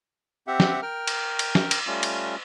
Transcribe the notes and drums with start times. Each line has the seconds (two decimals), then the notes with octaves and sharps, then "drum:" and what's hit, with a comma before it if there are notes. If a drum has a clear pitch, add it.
0.47 C4 G4 E5 F#5
0.60 drum: snare
0.82 A#4 G5 F6
1.07 drum: cymbal
1.39 drum: cymbal
1.55 drum: snare
1.71 drum: cymbal
1.87 G3 A3 C#4 F4
2.03 drum: cymbal